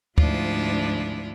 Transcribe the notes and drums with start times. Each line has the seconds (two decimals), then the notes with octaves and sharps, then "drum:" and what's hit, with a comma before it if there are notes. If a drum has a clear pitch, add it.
0.18 D2 G#2 F3 D4 E4 F4, drum: kick